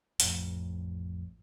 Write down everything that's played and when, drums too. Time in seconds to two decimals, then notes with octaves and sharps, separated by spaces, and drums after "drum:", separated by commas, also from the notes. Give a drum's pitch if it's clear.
0.20 A1 F2, drum: hi-hat